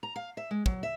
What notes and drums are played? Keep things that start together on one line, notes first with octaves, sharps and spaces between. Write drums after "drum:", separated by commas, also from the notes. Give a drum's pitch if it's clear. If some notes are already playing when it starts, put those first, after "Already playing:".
A#5
F5
E5
G#3
F#3, drum: kick
E5